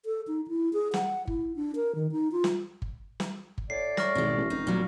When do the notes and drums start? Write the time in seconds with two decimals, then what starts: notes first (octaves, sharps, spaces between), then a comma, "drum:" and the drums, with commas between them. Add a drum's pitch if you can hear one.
0.06 A4
0.27 D#4
0.48 E4
0.73 G#4
0.94 F#5, drum: snare
1.27 E4, drum: kick G1
1.56 D4
1.76 A#4
1.95 D#3
2.12 D#4
2.32 F4
2.44 drum: snare
2.82 drum: kick G1
3.20 drum: snare
3.58 drum: kick G1
3.70 A2 C#5 D5 C7
3.97 C#6 F6 A#6, drum: snare
4.15 G#1 B2 G#3
4.37 A1
4.50 F1 D#4
4.67 A#2 F#3 G3